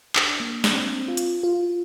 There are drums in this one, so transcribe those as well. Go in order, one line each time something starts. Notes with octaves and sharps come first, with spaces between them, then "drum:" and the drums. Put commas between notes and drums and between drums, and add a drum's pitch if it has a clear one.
D4, drum: clap
A#3
D4, drum: snare
C4
F4
drum: hi-hat
F4